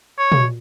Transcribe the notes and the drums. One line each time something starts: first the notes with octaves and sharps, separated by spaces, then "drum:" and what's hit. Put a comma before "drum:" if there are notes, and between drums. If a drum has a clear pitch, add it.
C#5
drum: tom